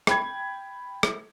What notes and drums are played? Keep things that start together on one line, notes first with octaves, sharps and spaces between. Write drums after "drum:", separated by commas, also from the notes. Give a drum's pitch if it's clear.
G5 B5 G#6, drum: rim click
drum: rim click